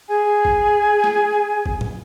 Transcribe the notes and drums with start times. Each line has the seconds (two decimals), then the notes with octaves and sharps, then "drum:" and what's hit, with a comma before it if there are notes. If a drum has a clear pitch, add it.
0.09 G#4 G#5
0.45 drum: kick
1.04 drum: snare
1.66 drum: kick
1.81 drum: tom A2